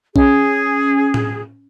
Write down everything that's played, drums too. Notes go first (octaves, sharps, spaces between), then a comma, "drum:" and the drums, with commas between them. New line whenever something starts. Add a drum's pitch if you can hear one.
C#4 G#4, drum: kick A#1
drum: tom A2